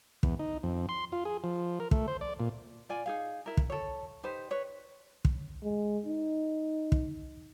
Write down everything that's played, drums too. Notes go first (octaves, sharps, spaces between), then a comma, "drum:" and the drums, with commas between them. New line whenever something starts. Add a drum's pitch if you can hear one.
E2, drum: kick
D#4
F2
C6
F4
G#4
F3
A#4
A3, drum: kick
C5
D5
A#2
F4 D5 G#5
D#4 G#4 F5
E4 A#4
drum: kick
A4 C#5
D#4 G4 B4 C5
B4 C#5
drum: kick
G#3
D#4
drum: kick